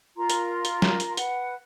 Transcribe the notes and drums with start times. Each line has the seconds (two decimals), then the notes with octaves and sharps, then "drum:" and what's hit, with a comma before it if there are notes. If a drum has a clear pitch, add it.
0.17 F4 A#4 A#5 C6
0.30 drum: hi-hat
0.65 drum: hi-hat
0.82 drum: snare
1.00 drum: hi-hat
1.17 B4 F#5, drum: hi-hat